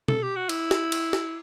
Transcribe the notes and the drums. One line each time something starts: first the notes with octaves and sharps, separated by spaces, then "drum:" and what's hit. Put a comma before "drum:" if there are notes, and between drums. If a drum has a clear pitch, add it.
A4, drum: tom B2
G4
F#4
E4, drum: cymbal
drum: snare
drum: cymbal
drum: snare